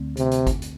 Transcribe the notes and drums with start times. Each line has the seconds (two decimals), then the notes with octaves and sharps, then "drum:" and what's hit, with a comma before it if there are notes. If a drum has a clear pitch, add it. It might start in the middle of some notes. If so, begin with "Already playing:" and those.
Already playing: D2 D3 A3 C4
0.17 C3, drum: hi-hat
0.31 drum: hi-hat
0.47 drum: kick G1, hi-hat
0.62 drum: hi-hat